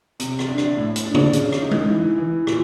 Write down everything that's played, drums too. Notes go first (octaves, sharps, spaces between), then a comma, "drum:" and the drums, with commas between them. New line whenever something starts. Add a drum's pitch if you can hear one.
C3, drum: hi-hat
drum: rim click
D4
drum: rim click
A2
drum: hi-hat
D4
drum: tom
C#3, drum: hi-hat
drum: rim click
D#4
drum: tom G#3
E3
E3
A#2, drum: rim click